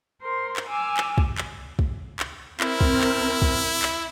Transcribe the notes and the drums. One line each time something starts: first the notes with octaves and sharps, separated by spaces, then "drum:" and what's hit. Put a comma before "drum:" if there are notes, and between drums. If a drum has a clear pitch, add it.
A#4 C5 C6
drum: clap
G#5 D6 E6 F6
drum: clap
drum: kick
drum: clap
drum: kick
drum: clap
C4 E4 A#4, drum: clap
drum: kick
drum: clap
drum: kick
drum: clap